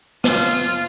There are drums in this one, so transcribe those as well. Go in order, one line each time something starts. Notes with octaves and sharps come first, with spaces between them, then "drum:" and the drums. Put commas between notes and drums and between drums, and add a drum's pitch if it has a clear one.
F4, drum: rim click